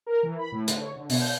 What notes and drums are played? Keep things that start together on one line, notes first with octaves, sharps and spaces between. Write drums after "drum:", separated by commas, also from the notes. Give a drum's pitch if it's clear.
A#4
E3
B5
A2
D3, drum: hi-hat
C#5
D3
B2, drum: open hi-hat
G6